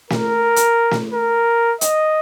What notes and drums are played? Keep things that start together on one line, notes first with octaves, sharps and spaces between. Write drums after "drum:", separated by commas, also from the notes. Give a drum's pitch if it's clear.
A#4, drum: snare
drum: hi-hat
drum: snare
A#4
D#5, drum: hi-hat